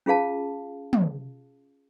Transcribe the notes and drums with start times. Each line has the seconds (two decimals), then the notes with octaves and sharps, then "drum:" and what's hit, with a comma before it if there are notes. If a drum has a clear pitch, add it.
0.06 C#4 F4 G#4 F5 A5
0.93 drum: tom